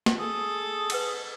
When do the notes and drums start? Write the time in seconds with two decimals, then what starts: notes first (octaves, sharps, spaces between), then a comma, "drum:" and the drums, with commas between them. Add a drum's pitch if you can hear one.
0.06 drum: snare
0.19 G#4 A4 D#6
0.90 B4 F#5 G#5, drum: cymbal